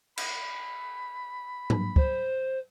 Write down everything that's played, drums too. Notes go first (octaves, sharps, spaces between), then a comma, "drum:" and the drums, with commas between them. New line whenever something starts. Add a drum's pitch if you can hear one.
B5, drum: cymbal
drum: tom
C5, drum: kick